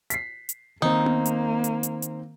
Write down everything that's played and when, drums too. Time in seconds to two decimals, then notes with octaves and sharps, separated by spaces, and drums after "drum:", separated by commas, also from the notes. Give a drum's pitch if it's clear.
0.10 B6 C7, drum: hi-hat
0.49 drum: hi-hat
0.82 D#3 A#3 C4 D#4
1.06 drum: tom B3
1.25 drum: hi-hat
1.64 drum: hi-hat
1.83 drum: hi-hat
2.02 drum: hi-hat